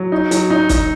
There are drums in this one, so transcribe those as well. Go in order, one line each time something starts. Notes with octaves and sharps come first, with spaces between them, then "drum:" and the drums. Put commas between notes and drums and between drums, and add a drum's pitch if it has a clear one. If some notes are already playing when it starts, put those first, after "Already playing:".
Already playing: F#3
D#4
F#3, drum: hi-hat
D#4
D#4, drum: kick, hi-hat